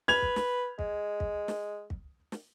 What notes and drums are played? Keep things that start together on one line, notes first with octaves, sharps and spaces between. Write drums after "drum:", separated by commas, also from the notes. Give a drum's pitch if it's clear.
B4 G#6 F7, drum: snare
drum: kick
drum: snare
G#3, drum: kick
drum: kick
drum: snare
drum: kick
drum: snare